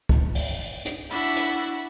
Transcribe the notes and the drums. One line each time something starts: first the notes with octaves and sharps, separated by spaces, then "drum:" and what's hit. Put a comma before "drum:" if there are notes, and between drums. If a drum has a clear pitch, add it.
drum: kick
drum: open hi-hat
drum: hi-hat
D4 E4 F#4 B5
drum: hi-hat